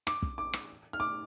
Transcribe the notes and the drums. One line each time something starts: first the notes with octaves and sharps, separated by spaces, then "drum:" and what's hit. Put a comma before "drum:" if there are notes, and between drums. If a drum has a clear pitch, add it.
D6, drum: rim click
drum: kick
D6
drum: rim click
F6
D6